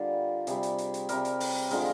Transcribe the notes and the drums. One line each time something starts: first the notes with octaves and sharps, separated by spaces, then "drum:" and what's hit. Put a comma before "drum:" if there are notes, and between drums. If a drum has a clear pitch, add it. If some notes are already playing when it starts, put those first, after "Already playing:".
Already playing: D3 G3 F4 A#4
C3 G3 G#4, drum: hi-hat
drum: hi-hat
drum: hi-hat
drum: hi-hat
C3 G3 A#4, drum: hi-hat
drum: hi-hat
drum: open hi-hat
D3 F3 G#3 A#4, drum: hi-hat